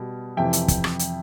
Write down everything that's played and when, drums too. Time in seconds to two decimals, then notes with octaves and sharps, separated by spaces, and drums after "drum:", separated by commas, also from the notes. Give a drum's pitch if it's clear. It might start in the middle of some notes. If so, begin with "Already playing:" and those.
Already playing: B2 G3 B3
0.37 F2 C3 E3 E5 G5
0.53 drum: hi-hat
0.68 drum: kick, hi-hat
0.84 drum: rim click
0.99 drum: hi-hat